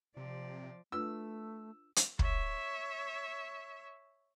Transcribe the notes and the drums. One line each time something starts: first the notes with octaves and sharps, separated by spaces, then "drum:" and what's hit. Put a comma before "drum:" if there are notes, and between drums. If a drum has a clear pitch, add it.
C3 F3 D5
A3 D4 F4 B4 E6
drum: hi-hat
C#5 E5, drum: kick